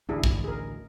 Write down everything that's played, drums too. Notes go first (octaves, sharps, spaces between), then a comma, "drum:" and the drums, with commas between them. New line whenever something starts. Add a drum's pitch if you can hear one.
A1 D2 D4 E4 G#4
drum: kick
G#4 A#4